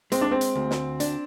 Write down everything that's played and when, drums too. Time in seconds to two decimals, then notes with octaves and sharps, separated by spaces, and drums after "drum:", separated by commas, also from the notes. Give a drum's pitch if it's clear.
0.12 G#3 C4, drum: hi-hat
0.21 D4
0.31 C4
0.41 drum: hi-hat
0.55 D2
0.71 drum: snare
1.00 D4, drum: hi-hat